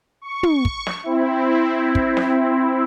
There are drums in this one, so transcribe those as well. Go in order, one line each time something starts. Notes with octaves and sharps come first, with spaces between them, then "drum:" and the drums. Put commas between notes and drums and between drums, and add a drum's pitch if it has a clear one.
C#6
drum: tom
drum: kick
drum: snare
C4 E4
drum: kick
drum: snare